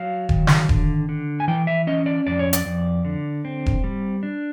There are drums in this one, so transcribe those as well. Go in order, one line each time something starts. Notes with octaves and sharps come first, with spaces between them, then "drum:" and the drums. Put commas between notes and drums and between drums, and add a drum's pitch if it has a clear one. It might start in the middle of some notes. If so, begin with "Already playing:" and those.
Already playing: F#3 F5
D#3, drum: kick E1
drum: snare
D3, drum: kick E1
D3
G#5
E3 G5
E5
C#4 D#5
D5
F2 D5
C#5
D5, drum: hi-hat
F2
D3
C4
drum: kick E1
G3
D4